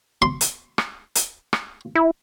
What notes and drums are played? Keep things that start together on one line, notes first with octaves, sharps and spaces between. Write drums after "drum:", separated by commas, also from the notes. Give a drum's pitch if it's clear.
C6
drum: hi-hat
drum: rim click
drum: hi-hat
drum: rim click
E4